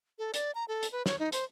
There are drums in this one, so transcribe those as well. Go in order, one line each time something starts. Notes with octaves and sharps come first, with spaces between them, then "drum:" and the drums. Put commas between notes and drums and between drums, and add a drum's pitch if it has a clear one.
A4
D5, drum: hi-hat
A#5
A4
drum: hi-hat
B4
C#5, drum: snare
D#4
C5, drum: hi-hat